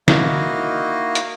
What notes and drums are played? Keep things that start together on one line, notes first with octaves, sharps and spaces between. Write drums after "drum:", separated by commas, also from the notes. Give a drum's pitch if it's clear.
A#3 D#4 E4 F#4 D#5 F5, drum: snare
drum: hi-hat